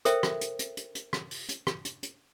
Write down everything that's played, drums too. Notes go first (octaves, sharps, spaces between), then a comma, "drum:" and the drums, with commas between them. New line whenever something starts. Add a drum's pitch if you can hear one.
A4 A#4 C5 E5 G5, drum: hi-hat
drum: rim click
drum: hi-hat
drum: hi-hat
drum: hi-hat
drum: hi-hat
drum: rim click
drum: open hi-hat
drum: hi-hat
drum: rim click
drum: hi-hat
drum: hi-hat